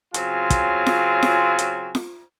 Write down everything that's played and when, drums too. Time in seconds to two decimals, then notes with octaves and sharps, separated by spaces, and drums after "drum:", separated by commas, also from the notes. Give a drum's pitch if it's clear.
0.14 C#3 F#3 C4 F4 G#5, drum: hi-hat
0.50 drum: kick, hi-hat
0.86 drum: snare
1.23 drum: snare
1.59 drum: hi-hat
1.95 drum: snare